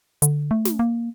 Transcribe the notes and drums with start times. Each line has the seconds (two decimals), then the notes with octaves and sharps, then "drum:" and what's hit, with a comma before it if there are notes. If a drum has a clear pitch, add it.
0.22 D3, drum: hi-hat
0.51 A3
0.65 drum: snare
0.79 A#3